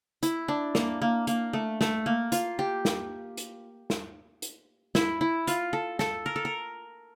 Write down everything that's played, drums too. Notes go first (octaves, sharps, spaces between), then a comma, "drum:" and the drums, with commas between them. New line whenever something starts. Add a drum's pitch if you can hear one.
E4, drum: hi-hat
D4
A#3, drum: snare
A#3
A#3, drum: hi-hat
A3
A3, drum: snare
A#3
F4, drum: hi-hat
G4
drum: snare
drum: hi-hat
drum: snare
drum: hi-hat
E4, drum: snare
E4
F4, drum: hi-hat
A4
A4, drum: snare
A#4
A4
A#4